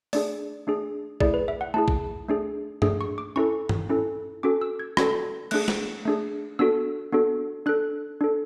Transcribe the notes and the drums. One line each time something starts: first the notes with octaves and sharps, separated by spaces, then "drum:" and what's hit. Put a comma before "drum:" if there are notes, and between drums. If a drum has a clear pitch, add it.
A3 D4 G#4 D5, drum: open hi-hat
A3 D4 G#4
A3 E4 G#4 D5, drum: kick A#1
B4
E5
F#5
A3 E4 G#4 A5
drum: kick A#1
A3 D4 G#4
A3 D4 G#4, drum: tom G2
C#6
D6
C#4 E4 A4 C#6
drum: tom G2
C#4 E4 A4
C#4 F#4 A4 D6
E6
G#6
C#4 F#4 A4 G#6, drum: rim click
A3 D4 G#4 F#6, drum: cymbal
drum: snare
A3 D4 G#4
B3 D4 F#4 A4 E6
B3 D4 F#4 A4
D4 A4 F#6
D4 A4